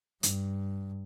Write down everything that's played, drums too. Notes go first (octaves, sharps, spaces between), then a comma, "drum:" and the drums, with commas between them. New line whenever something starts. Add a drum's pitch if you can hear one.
G2, drum: hi-hat